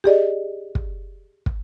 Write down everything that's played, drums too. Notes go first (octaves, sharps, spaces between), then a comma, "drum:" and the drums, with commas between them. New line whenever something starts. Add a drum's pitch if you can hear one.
G4 G#4 D5 D#5
drum: kick
drum: kick